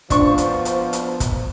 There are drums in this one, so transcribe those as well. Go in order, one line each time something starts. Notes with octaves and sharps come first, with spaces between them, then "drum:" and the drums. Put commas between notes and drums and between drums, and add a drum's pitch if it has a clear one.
F3 B3 D4 C5 C#6, drum: kick, hi-hat
drum: hi-hat
drum: hi-hat
drum: hi-hat
drum: kick, hi-hat